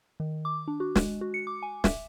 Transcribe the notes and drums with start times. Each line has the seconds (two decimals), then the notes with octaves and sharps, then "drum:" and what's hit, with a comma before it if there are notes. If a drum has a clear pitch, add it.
0.20 D#3
0.45 D6
0.68 D4
0.80 F#4
0.95 G#3, drum: snare
1.21 F#4
1.34 C#7
1.47 D6
1.63 G#5
1.84 E5, drum: snare